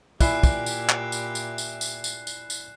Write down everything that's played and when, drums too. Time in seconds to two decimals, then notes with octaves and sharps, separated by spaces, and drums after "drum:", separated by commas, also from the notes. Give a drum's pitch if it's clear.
0.21 A#2 E4 G4 D5 G#5 F#6 C7 E7, drum: kick, tambourine
0.43 drum: kick, tambourine
0.66 drum: tambourine
0.89 drum: clap
1.12 drum: tambourine
1.35 drum: tambourine
1.58 drum: tambourine
1.81 drum: tambourine
2.04 drum: tambourine
2.27 drum: tambourine
2.50 drum: tambourine